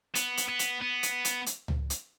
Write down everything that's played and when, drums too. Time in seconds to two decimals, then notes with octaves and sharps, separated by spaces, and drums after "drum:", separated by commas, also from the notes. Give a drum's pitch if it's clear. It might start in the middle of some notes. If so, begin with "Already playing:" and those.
0.15 B3, drum: hi-hat
0.37 drum: hi-hat
0.49 B3
0.59 drum: hi-hat
0.81 B3
1.03 drum: hi-hat
1.25 drum: hi-hat
1.46 drum: hi-hat
1.68 drum: tom C#2
1.90 drum: hi-hat